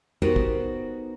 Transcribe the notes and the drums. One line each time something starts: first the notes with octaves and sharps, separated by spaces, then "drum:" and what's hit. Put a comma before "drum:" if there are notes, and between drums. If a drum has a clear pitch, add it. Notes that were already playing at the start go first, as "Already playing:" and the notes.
B3 D#4 F#4 G4 A#4 C5, drum: tom F2
drum: kick